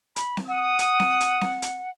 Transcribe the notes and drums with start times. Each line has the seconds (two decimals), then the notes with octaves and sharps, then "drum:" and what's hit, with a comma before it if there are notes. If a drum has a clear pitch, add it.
0.16 B5, drum: hi-hat
0.37 drum: snare C4
0.48 F#5 D#6
0.79 drum: hi-hat
1.00 drum: snare C4
1.20 drum: hi-hat
1.41 drum: snare C4
1.62 drum: hi-hat